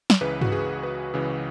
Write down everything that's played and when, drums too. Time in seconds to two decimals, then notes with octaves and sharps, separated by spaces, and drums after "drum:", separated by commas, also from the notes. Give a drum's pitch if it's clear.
0.10 drum: snare
0.21 C#2 C#3 E3 B4
0.41 F#4, drum: tom G2
0.52 G#4
0.83 B4
1.14 C#2 C#3 E3